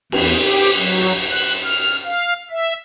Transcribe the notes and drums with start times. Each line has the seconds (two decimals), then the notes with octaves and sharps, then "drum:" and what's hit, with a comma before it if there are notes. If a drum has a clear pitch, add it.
0.12 E2, drum: cymbal
0.43 G4
0.77 F#3
1.01 drum: hi-hat
1.29 F#6
1.64 F6
2.04 F5
2.50 E5